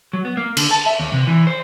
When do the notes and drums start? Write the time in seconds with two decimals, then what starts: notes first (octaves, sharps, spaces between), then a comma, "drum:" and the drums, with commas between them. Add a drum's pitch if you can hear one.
0.13 F#3
0.25 B3
0.37 A#3
0.57 D3, drum: cymbal
0.71 A5
0.86 E5
1.00 D#2
1.13 C3
1.27 E3
1.47 C5